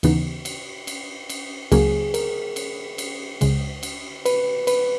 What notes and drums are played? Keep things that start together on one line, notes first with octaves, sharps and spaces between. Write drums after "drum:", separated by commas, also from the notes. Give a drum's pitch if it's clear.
D#2 C#3 E3 B3 D#4, drum: cymbal
drum: cymbal
drum: cymbal
drum: cymbal
C#2 C#3 F#3 A#3 G#4, drum: cymbal
A#4, drum: cymbal
drum: cymbal
drum: cymbal
C#2 C#3 G#3, drum: cymbal
drum: cymbal
B4, drum: cymbal
B4, drum: cymbal